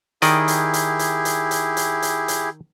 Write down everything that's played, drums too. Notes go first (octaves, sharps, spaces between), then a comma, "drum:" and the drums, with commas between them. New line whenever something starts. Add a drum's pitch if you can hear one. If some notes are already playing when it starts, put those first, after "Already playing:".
D#3 E4 G4 G#4 D5 D#5, drum: hi-hat
drum: hi-hat
drum: hi-hat
drum: hi-hat
drum: hi-hat
drum: hi-hat
drum: hi-hat
drum: hi-hat
drum: hi-hat